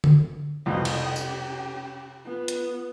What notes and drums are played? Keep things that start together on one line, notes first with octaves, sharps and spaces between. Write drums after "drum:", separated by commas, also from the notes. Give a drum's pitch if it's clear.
drum: tom D3
C2 F2 B2 D#5 G5
drum: cymbal
C#4 G4, drum: tambourine
B3 F4
drum: hi-hat